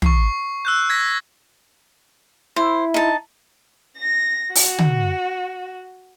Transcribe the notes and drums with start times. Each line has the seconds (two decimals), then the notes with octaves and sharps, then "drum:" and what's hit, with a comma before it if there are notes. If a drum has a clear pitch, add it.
0.02 C#6 C7, drum: tom
0.65 E6 F#6 G6
0.89 F#6 G#6 A#6 B6
2.56 E4 C5
2.94 D#4 A5
3.98 A#6
4.55 F#4, drum: open hi-hat
4.78 drum: tom